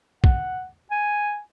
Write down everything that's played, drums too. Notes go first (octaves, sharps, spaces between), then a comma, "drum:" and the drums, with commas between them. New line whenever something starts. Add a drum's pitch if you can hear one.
F#5, drum: kick A#1
G#5